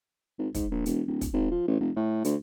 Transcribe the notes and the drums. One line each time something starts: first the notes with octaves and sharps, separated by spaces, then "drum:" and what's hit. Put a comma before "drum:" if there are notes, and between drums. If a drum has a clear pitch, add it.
G#1
G#2, drum: kick, hi-hat
A#1
E1, drum: hi-hat
D1
drum: kick, hi-hat
G#1
F3
A1
F1
A2
D2, drum: hi-hat